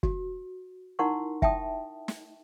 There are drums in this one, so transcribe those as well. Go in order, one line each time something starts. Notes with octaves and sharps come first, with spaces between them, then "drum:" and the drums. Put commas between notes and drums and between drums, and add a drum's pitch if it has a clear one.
F#4, drum: kick
D#4 E4 A#4 F#5 C6 C#6
E5 G5 A5 D#6, drum: kick
drum: snare